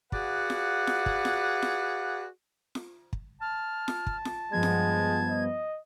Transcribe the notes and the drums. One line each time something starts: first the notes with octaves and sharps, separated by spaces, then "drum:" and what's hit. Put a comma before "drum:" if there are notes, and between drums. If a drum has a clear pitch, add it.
F#4 G#4 B4 D5 F5 F#5, drum: kick
drum: snare F4
drum: snare F4
drum: kick
drum: snare F4
drum: snare F4
drum: snare F4
drum: kick
A5 F6
drum: snare F4
drum: kick
drum: snare F4
G2 F3 G#3 B3 G#6
drum: snare F4
D#5